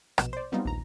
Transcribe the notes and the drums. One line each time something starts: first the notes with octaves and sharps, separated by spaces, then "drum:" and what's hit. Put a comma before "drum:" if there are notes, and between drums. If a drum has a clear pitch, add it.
A#1 B2 E7, drum: rim click
C5 D5
F#3 G3 B3 C4 D#4 F4
A#1 D#2 A#5